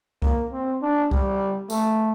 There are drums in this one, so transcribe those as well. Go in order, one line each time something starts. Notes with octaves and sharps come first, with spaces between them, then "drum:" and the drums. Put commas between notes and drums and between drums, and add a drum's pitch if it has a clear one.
A#3, drum: kick C2
C4
D4
G3, drum: kick C2
A3, drum: tambourine